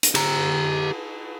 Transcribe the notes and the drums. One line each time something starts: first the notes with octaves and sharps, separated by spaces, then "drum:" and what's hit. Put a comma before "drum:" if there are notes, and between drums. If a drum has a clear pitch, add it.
drum: hi-hat
G4 A#5, drum: cymbal